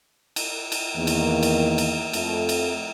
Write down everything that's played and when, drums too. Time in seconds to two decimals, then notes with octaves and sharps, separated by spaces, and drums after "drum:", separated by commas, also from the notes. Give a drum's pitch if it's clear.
0.36 drum: cymbal
0.72 drum: cymbal
0.96 E2 D#3 A#3
1.07 drum: cymbal
1.43 drum: cymbal
1.78 drum: cymbal
2.13 F2 A3, drum: cymbal
2.49 drum: cymbal